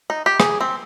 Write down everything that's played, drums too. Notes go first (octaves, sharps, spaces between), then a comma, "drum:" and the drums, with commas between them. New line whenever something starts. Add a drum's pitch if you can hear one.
D#4
G4
G#4, drum: rim click
C4